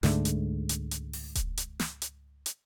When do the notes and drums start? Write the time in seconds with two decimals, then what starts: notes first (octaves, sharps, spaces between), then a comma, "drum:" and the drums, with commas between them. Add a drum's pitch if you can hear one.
0.03 C#2 G#2 D3 A3, drum: snare
0.25 drum: hi-hat
0.69 drum: hi-hat
0.91 drum: hi-hat
1.13 drum: open hi-hat
1.35 drum: kick D#1, hi-hat
1.57 drum: hi-hat
1.80 drum: snare
2.02 drum: hi-hat
2.46 drum: hi-hat